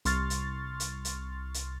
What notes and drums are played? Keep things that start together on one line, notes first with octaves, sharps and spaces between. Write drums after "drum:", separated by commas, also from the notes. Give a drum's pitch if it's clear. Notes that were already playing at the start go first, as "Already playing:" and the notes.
C2 C6 C#6 F6 A6, drum: hi-hat
drum: hi-hat
drum: hi-hat
drum: hi-hat
drum: hi-hat